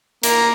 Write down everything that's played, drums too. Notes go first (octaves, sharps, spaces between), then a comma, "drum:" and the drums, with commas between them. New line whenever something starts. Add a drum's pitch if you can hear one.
A#3, drum: hi-hat